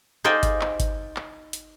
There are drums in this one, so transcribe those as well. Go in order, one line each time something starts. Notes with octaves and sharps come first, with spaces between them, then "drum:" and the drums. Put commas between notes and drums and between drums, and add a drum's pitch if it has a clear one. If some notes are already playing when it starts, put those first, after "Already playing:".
D#4 C5 D5 F5 G5 G#5
drum: kick G1, hi-hat
drum: clap
drum: kick G1, hi-hat
drum: clap
drum: hi-hat